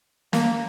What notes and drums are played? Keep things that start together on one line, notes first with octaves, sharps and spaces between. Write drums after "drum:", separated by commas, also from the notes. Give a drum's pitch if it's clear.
A#3, drum: snare